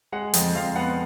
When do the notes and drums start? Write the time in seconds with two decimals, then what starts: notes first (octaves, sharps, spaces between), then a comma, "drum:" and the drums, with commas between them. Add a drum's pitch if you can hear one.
0.12 G#3 F#5
0.34 F2 D#5, drum: hi-hat
0.55 F2 F5
0.76 B3 F#5